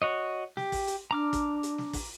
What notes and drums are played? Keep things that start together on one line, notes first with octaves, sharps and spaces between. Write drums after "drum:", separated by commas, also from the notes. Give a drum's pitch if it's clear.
F#4 C#5 D#5
G4, drum: snare
drum: kick, open hi-hat
drum: hi-hat
D4 A#5 D6 F6
drum: kick, hi-hat
drum: hi-hat
drum: snare
drum: kick, open hi-hat